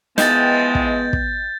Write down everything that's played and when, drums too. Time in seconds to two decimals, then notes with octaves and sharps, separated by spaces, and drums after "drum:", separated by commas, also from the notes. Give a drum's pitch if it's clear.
0.18 E3 F3 G#3 B3 D#5 G5 G6 A6, drum: snare
0.75 drum: kick
1.13 drum: kick